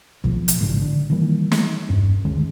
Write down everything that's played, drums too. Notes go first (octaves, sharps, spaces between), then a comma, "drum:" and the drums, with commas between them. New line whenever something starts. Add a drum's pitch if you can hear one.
B2 F3, drum: kick
drum: hi-hat
A1 G#2 C#3 D4
D3 D4
D#3 E3 G3 A#3
drum: snare
E1 G2 C#4
D2 D#3 G#3 C#4